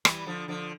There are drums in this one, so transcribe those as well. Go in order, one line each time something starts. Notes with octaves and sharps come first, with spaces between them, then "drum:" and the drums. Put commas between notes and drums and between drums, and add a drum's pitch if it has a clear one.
E3 G3, drum: rim click
D3 F3
D3 F3